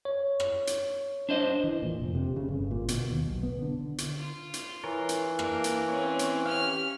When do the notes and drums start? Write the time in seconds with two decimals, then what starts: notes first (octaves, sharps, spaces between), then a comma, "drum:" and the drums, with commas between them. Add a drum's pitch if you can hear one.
0.05 C#5
0.40 drum: rim click
0.67 drum: hi-hat
1.29 D4 C5 D#5
1.64 E3
1.82 A#2
2.00 F1
2.15 C3
2.36 C#3
2.49 G1
2.71 A#2
2.88 B2, drum: hi-hat
3.10 D#2
3.27 B1
3.43 B3
3.62 D3
3.98 drum: hi-hat
4.18 F4
4.54 drum: hi-hat
4.84 E3 A#4 C#5
5.09 drum: hi-hat
5.39 A#3 D4 A#4 F5, drum: rim click
5.64 drum: hi-hat
5.88 C4 C#4 C#5
6.19 drum: hi-hat
6.46 C#4 G4 F5 F6